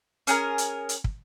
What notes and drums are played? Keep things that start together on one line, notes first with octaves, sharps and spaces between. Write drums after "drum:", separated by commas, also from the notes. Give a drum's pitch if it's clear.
C#4 G#4 A#4, drum: hi-hat
drum: hi-hat
drum: hi-hat
drum: kick